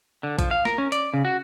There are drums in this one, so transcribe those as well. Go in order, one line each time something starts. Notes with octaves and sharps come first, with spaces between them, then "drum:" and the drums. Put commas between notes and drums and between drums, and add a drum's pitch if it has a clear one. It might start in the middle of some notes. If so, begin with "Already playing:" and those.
D3
F3, drum: kick, hi-hat
F5
A#4, drum: snare
C#4
D5, drum: hi-hat
C#3
F#4